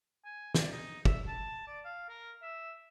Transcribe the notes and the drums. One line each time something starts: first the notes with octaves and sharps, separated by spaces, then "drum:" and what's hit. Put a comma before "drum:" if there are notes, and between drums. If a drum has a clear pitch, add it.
G#5
D5, drum: snare
D#4
E5, drum: kick
A5
D5
F5
A#4
E5